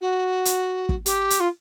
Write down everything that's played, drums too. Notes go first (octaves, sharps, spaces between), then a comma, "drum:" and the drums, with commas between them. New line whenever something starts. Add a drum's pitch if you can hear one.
F#4
drum: hi-hat
drum: kick
G4, drum: hi-hat
drum: hi-hat
F4